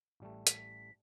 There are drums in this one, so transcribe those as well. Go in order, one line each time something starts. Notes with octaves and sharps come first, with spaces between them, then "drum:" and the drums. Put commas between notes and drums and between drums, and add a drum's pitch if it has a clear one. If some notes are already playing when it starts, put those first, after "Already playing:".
A1 G3 A3
B6, drum: hi-hat